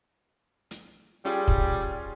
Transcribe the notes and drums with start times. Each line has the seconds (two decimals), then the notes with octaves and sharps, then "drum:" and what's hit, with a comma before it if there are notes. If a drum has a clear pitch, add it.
0.71 drum: hi-hat
1.25 G3 C#4 F4 G#4
1.48 drum: kick